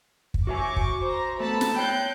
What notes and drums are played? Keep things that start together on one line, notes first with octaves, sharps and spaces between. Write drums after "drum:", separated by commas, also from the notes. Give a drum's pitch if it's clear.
drum: kick
F#4 E5 G#5 C#6 D6
drum: kick
C5 A#5
A3 B3 A5 B5
drum: snare
C#5 G5 F#6 G6